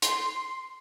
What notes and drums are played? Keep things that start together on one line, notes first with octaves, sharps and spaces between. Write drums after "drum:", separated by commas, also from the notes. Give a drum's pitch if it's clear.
C6, drum: hi-hat